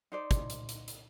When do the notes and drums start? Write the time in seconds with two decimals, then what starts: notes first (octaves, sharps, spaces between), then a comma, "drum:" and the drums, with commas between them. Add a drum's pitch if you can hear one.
0.12 D#4 C5 D5
0.31 drum: kick, hi-hat
0.50 drum: hi-hat
0.69 drum: hi-hat
0.88 drum: hi-hat